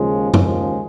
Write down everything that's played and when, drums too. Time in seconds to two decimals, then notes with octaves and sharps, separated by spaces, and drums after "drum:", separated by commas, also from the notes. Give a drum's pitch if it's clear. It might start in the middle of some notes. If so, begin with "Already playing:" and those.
Already playing: D#2 C#3 F3 G#3
0.34 D#2 C#3 F3 G#3, drum: tom